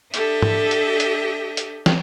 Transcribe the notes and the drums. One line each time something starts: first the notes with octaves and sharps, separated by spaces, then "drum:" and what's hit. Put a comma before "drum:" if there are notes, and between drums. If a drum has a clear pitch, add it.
D4 G4 A4 D#5 E5, drum: hi-hat
drum: tom G#2
drum: hi-hat
drum: hi-hat
drum: hi-hat
drum: snare